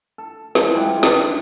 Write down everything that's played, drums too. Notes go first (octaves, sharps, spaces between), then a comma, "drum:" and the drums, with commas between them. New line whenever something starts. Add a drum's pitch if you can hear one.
A4
E3 F3 G#3, drum: snare
G3 G#3 F#5
D3 D#3, drum: snare